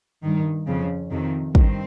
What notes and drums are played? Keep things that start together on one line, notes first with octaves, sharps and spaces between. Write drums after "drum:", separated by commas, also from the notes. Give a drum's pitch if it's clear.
G2 D#3
F2 C#3
F2 C3 D#3
G2 D#3 C4, drum: kick